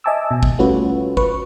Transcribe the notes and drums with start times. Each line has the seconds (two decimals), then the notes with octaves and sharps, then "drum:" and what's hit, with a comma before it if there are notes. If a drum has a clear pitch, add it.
0.04 D#5 E5 G#5 A5 D6 E6
0.31 B2
0.43 drum: kick
0.58 G3 A3 C#4 F4 F#4 B4
1.17 B4 C#6, drum: kick